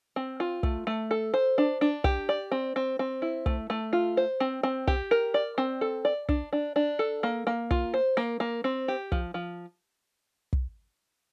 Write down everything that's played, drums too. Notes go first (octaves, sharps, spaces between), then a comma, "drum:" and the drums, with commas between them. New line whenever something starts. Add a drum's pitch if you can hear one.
C4
F4
A3, drum: kick
A3
A4
C5
D4
D4
G4, drum: kick
D5
C4
C4
C4
E4
A3, drum: kick
A3
F4
C5
C4
C4
G4, drum: kick
A#4
D5
C4
A4
D5
D4, drum: kick
D4
D4
A4
A#3
A#3
F4, drum: kick
C5
A#3
A#3
C4
G4
F3, drum: kick
F3
drum: kick